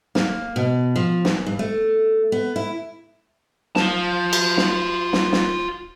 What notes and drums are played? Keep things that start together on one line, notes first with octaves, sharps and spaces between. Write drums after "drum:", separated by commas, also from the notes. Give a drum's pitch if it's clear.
A#3, drum: snare
B2
F3
E2, drum: snare
G2
A3
B3
E4
F4 A5, drum: snare
drum: cymbal
drum: snare
drum: snare
drum: snare